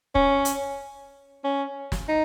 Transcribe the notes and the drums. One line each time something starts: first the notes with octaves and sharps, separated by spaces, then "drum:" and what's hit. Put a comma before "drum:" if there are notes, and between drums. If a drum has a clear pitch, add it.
C#4, drum: kick
drum: hi-hat
C#4
drum: snare
D#4